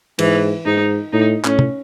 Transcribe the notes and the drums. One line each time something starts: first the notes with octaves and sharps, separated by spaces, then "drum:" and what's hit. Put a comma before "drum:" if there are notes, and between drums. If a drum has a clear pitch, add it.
G#2 E3, drum: cymbal
G#2 D#4
A2 D#4
A2 C#4, drum: clap
drum: tom